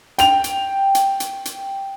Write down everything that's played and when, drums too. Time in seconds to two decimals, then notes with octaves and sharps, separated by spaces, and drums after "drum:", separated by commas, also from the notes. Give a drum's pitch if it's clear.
0.18 G5 F7, drum: hi-hat
0.44 drum: hi-hat
0.95 drum: hi-hat
1.20 drum: hi-hat
1.45 drum: hi-hat